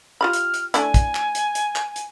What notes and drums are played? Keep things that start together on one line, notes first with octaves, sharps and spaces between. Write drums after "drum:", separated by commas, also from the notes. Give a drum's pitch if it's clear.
F4 G4 B5 F6
drum: hi-hat
drum: hi-hat
A3 D4 E4 G#5, drum: hi-hat
drum: kick, hi-hat
drum: clap
drum: hi-hat
drum: hi-hat
drum: clap
drum: hi-hat